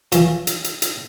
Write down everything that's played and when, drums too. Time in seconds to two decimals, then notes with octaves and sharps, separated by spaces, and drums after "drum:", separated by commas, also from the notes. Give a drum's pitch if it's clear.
0.12 E3 F3, drum: hi-hat
0.47 drum: hi-hat
0.64 drum: hi-hat
0.82 drum: hi-hat